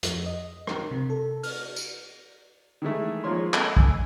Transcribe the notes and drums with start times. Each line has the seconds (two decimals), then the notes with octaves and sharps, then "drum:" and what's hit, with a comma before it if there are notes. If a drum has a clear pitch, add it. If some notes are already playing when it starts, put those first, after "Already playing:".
0.03 F2, drum: hi-hat
0.26 D#5
0.67 A#4, drum: rim click
0.91 C3
1.10 A4
1.43 F6, drum: open hi-hat
1.76 drum: tambourine
2.82 D#3 E3 G#3 A3
3.24 F3 G#3 A#3 F4 C#5 C6
3.54 A4 D#5 A5, drum: clap
3.77 G#5 E6, drum: kick